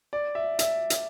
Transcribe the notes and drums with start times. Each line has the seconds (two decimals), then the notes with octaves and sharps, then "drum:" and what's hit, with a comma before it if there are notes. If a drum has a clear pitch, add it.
0.13 D5
0.35 E5
0.59 E5, drum: hi-hat
0.90 drum: hi-hat